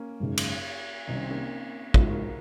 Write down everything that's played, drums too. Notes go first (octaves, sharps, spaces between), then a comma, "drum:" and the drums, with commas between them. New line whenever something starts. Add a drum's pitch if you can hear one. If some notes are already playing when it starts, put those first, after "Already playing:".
Already playing: A#3 C#4
G#1 F#2 C#3
drum: cymbal
C2 C3 D#3 D#4
C#4
C4
A#3 C#4
G#1 G#2 F3 F4 G#4, drum: kick
F#4 A#4
F#4 A#4